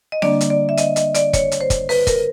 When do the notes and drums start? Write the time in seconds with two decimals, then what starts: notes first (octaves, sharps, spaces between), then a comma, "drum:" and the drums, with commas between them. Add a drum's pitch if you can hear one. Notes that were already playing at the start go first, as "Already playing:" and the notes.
0.12 D#5
0.22 D3 G3 A#3 D4 D5, drum: snare C4
0.41 drum: hi-hat
0.50 D5
0.69 E5
0.78 D#5, drum: hi-hat
0.96 D#5, drum: hi-hat
1.15 D5, drum: hi-hat
1.33 C#5, drum: kick, hi-hat
1.52 drum: hi-hat
1.61 C5
1.70 drum: kick, hi-hat
1.89 B4, drum: open hi-hat
2.07 A#4, drum: kick, hi-hat